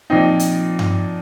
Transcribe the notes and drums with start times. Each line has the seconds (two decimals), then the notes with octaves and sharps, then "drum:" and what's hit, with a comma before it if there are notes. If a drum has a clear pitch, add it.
0.10 A#2 F3 C4 D#4
0.39 drum: hi-hat
0.79 drum: tom G2